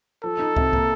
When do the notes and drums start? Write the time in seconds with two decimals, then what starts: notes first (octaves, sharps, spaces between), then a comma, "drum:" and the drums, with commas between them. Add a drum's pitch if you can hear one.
0.23 F3 A4
0.39 D#4
0.56 C3, drum: kick
0.73 A#3, drum: kick